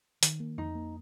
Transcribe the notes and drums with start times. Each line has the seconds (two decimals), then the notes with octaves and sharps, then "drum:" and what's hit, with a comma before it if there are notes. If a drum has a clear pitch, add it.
0.23 D#3, drum: hi-hat
0.40 A#3
0.58 F2 D#4
0.75 A#3